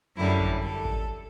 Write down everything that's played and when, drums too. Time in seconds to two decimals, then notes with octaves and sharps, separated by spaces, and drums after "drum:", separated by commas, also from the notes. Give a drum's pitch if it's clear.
0.16 F#2 D3 G3 E4
0.39 drum: kick G#1
0.62 A4
0.85 drum: kick G#1